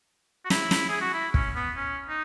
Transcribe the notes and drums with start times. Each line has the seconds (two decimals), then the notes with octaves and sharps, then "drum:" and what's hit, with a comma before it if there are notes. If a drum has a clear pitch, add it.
0.45 F#4
0.50 E4, drum: snare
0.71 drum: snare
0.89 G#4
1.01 F#4
1.14 E4
1.34 C#4, drum: kick
1.56 B3
1.77 C#4
2.09 D#4